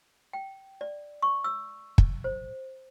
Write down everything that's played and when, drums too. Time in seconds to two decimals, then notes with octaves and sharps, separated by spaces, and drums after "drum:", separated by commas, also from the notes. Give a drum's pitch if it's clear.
0.33 G5
0.81 D5
1.22 C#6
1.44 E6
1.98 drum: kick
2.24 C5